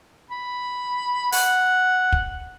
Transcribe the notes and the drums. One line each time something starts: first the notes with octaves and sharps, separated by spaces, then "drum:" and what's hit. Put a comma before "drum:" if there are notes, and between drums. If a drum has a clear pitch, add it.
B5
F#5, drum: open hi-hat
drum: kick